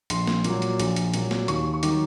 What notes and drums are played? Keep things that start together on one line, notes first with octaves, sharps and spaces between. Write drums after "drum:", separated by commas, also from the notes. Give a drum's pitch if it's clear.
A#1 C6, drum: hi-hat
drum: snare
A#2 F#3, drum: hi-hat
drum: hi-hat
A#1, drum: hi-hat
drum: hi-hat
A#2 F#3, drum: hi-hat
drum: snare
D#2 C#6, drum: hi-hat
C#6
D#3 F#3 D6, drum: hi-hat